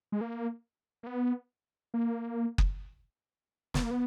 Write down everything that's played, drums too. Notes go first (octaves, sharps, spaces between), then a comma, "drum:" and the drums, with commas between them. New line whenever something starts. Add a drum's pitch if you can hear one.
G#3
A#3
A#3
B3
A#3
drum: kick F#1
B3, drum: snare
A#3
B3